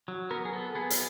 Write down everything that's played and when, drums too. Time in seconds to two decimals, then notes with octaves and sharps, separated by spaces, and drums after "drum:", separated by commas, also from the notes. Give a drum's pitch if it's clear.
0.08 F#3
0.31 B3 A#4
0.45 G#4
0.53 B3 A4
0.75 B3 G#4
0.90 drum: hi-hat